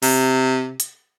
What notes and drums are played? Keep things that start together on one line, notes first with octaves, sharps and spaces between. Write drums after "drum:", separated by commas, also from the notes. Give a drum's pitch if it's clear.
C3, drum: open hi-hat
drum: hi-hat